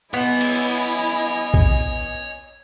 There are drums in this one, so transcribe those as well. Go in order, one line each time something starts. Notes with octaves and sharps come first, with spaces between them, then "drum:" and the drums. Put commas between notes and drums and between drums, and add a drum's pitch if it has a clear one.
B3 E4 C#5 D#5 G#5 C6
drum: cymbal
drum: kick A#1